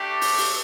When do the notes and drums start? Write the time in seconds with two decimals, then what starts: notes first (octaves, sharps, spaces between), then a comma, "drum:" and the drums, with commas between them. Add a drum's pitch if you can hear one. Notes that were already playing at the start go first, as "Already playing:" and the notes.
Already playing: A3 D4 G4
0.21 drum: open hi-hat
0.38 drum: open hi-hat